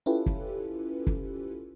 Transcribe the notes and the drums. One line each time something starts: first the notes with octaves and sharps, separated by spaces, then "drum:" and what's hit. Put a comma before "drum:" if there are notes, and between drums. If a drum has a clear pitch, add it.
C#4 E4 F4 G4 A4 B4
drum: kick
drum: kick